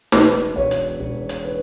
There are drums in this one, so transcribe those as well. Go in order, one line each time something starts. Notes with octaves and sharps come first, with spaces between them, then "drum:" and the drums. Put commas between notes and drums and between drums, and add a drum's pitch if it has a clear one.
E1 B4, drum: snare
E1 C#5
drum: hi-hat
E1
drum: hi-hat
B4